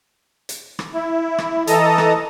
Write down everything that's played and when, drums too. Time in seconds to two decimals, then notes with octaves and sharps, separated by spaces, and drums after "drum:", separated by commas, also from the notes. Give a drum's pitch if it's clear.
0.49 drum: hi-hat
0.79 drum: rim click
0.94 E4
1.38 drum: rim click
1.67 E3 A4 D#5 A5 A#5 D#6, drum: hi-hat
1.98 drum: rim click